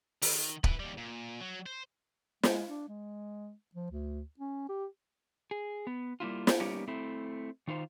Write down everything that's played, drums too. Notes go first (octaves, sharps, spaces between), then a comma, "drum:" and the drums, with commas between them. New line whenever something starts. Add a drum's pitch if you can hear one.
D#3, drum: open hi-hat
E4 B4, drum: kick
D#2 G3
A#2
F#3
C5
G#3, drum: snare
D4
G#3
F3
D2
C#4
G4
G#4
B3
G3 A#3 E4 F4
drum: snare
G3 A#3 B3 C#4 D#4 G4
A3 C4 E4
D#3 D#4 F4 C5